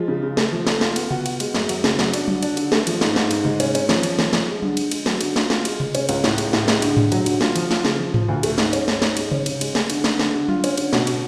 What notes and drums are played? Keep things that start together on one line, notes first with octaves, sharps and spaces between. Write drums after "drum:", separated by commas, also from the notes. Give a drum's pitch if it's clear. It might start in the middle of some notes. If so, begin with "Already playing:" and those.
Already playing: F3 G#3 F4
C#3
C#3
A3, drum: snare
F3
A4, drum: snare
F4, drum: snare
B3, drum: cymbal
F#4, drum: tom C3
F#4, drum: cymbal
G#3, drum: cymbal
F#2, drum: snare
F#3, drum: cymbal
C#3, drum: snare
F#3, drum: snare
D4, drum: cymbal
D3, drum: tom
D4, drum: cymbal
D3, drum: cymbal
A3, drum: snare
F3, drum: cymbal
G#2, drum: snare
G#2, drum: snare
G#2, drum: cymbal
G#3, drum: tom C3
C#4, drum: cymbal
C#4, drum: cymbal
F3, drum: snare
F3, drum: cymbal
F3, drum: snare
F3, drum: snare
G#3
D3, drum: tom
D3, drum: cymbal
G#3, drum: cymbal
F#3, drum: snare
D3, drum: cymbal
F4, drum: snare
F4, drum: snare
G#3, drum: cymbal
G#3, drum: tom C3
C#4, drum: cymbal
C#2, drum: cymbal
A2, drum: snare
G#3, drum: cymbal
A2, drum: snare
G#3, drum: snare
D3, drum: cymbal
D3, drum: tom G#2
F#3, drum: cymbal
D3, drum: cymbal
F4, drum: snare
F3, drum: cymbal
F4, drum: snare
C#3, drum: snare
F3
F3, drum: tom G#2
D2
A3, drum: cymbal
G#2, drum: snare
C#4, drum: cymbal
G#2, drum: snare
G#2, drum: snare
G#3, drum: cymbal
C#4, drum: tom C3
C#3, drum: cymbal
G#3, drum: cymbal
G#4, drum: snare
D3, drum: cymbal
D3, drum: snare
D3, drum: snare
D3
F4, drum: tom
C#4, drum: cymbal
D3, drum: cymbal
B2, drum: snare
B2, drum: cymbal